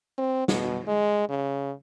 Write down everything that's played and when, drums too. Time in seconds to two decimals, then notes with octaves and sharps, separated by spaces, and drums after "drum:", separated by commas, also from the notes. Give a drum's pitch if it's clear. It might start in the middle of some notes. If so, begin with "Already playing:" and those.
0.18 C4
0.48 B2, drum: snare
0.87 G#3
1.29 C#3